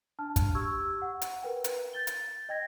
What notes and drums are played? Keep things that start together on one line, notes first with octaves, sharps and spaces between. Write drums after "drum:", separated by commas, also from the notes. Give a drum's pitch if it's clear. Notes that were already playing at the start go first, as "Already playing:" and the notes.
D4 A5 F6
drum: kick, hi-hat
G4 C#6 E6 G#6
F#5
drum: hi-hat
A#4 B4 G5
drum: hi-hat
G6 A6 G7
drum: hi-hat
D#5 G5 G#6 A#6